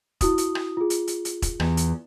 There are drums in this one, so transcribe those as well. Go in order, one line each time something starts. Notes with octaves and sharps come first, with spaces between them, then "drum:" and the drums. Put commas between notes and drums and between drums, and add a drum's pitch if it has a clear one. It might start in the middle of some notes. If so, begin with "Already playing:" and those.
E4 F#4 D#6, drum: kick E1, hi-hat
drum: hi-hat
drum: rim click
F4 G#4
drum: hi-hat
drum: hi-hat
drum: hi-hat
drum: kick E1, hi-hat
E2, drum: rim click
drum: hi-hat